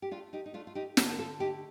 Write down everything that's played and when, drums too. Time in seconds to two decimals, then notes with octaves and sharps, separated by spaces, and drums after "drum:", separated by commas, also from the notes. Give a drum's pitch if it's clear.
0.02 G4
0.11 A3 D4 F4
0.33 D#4 G4
0.46 D#4
0.54 A3 D4 F4
0.67 F4
0.75 D#4 G4
0.97 D3 F4 A4, drum: snare
1.11 A#4
1.19 F4 A4
1.39 A3 D#4 G4